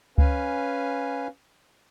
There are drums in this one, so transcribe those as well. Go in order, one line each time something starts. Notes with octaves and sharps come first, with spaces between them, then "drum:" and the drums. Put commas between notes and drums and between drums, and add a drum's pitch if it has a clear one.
C#4 B4 F5 G#5, drum: kick C#2